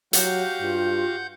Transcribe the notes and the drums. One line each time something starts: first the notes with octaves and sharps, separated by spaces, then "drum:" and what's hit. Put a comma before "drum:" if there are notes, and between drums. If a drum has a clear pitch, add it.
F#3 F#4 G4 F5 F#5 G6, drum: hi-hat
G2 F4